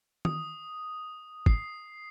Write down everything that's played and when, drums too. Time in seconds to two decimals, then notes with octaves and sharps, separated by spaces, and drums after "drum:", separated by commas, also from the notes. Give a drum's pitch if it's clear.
0.25 D#6, drum: tom
1.46 C7, drum: kick